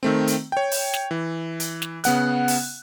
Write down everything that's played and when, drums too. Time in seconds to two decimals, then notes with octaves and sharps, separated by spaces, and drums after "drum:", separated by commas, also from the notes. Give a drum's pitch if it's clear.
0.03 D#3 A3 C4
0.27 drum: hi-hat
0.52 C#5 G5
0.72 drum: open hi-hat
0.94 drum: snare
1.11 E3
1.60 drum: hi-hat
1.82 drum: snare
2.04 C#3 B3 F#5 F#6, drum: hi-hat
2.48 drum: open hi-hat